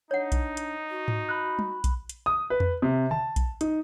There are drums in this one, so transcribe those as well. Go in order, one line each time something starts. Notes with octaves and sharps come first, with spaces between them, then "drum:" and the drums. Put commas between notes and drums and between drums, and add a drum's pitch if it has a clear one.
D4 D#4 C#5 F#5
drum: kick A#1, hi-hat
drum: hi-hat
F#4
drum: tom G#2
B5 F#6
drum: tom
drum: kick A#1, hi-hat
drum: hi-hat
D#6
B4
drum: tom E2
C3
A5, drum: tom D3
drum: kick A#1, hi-hat
D#4, drum: hi-hat